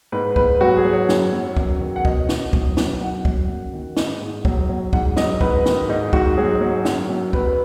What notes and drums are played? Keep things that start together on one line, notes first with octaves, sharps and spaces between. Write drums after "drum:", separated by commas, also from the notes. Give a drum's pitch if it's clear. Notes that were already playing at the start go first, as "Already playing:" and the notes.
G#2 B4
G#2 B4, drum: kick
F#3 F#4
G#4
F#3
C#5
F#2, drum: snare
F#3
F#2, drum: kick
D#3
F#5
B2 D#5, drum: kick
B2, drum: snare
F#3, drum: kick
F#3, drum: snare
F#2 F#5
F#3, drum: kick
F#2
D#3
G#2 D#5, drum: snare
G#2
F#3, drum: kick
F#3
G#2 F#5, drum: kick
F#3 D#5, drum: snare
G#2 B4, drum: kick
D#3, drum: snare
G#2 D#4
G#2 F#4, drum: kick
F#3 G#4
F#3
F#2, drum: snare
F#2
F#3 B4, drum: kick